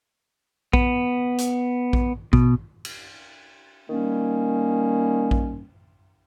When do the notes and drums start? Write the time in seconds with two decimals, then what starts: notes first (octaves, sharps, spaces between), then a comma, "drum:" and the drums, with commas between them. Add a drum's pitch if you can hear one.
0.73 B3, drum: kick A#1
1.38 drum: hi-hat
1.93 drum: kick A#1
2.33 B2, drum: kick A#1
2.85 drum: cymbal
3.89 D#3 G3 A#3 C#4
5.31 drum: kick A#1